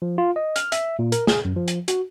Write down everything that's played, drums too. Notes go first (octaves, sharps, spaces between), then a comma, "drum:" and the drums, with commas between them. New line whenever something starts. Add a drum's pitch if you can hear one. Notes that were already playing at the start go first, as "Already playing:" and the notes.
F3
F4
D#5
F6, drum: hi-hat
E5, drum: hi-hat
A#2
A#4, drum: hi-hat
G#4, drum: snare
F#2
F3
drum: hi-hat
F#4, drum: hi-hat